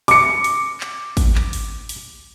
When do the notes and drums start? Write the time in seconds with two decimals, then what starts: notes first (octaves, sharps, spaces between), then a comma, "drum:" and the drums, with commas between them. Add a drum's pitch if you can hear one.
0.08 D6 C#7, drum: open hi-hat
0.44 drum: open hi-hat
0.81 drum: clap
1.17 drum: kick, open hi-hat
1.35 drum: clap
1.53 drum: open hi-hat
1.89 drum: open hi-hat